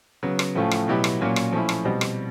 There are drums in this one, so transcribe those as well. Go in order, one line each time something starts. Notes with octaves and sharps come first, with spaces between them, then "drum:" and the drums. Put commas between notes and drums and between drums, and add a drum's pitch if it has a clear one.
C#3 F#3 B3
drum: rim click
A2 F3 A3 C#4 F4
drum: rim click
B2 F#3 B3 E4 G4
drum: rim click
A#2 F#3 A#3 C#4
drum: rim click
F3 A3 C#4 E4
drum: rim click
B2 G3 C4
drum: rim click